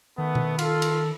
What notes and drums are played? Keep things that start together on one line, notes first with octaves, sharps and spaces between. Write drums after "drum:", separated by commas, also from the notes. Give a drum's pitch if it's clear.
D#3 A3 B3
drum: tom B2
F4 A4, drum: cymbal
drum: cymbal